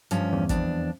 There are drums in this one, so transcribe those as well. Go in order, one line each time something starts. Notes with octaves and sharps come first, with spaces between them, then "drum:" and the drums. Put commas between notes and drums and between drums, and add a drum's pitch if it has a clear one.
G2 F3 C#4, drum: hi-hat
E2
F2 D4, drum: kick, hi-hat